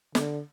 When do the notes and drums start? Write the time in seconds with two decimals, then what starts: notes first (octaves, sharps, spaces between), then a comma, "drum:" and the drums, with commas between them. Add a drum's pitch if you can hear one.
0.15 D3, drum: snare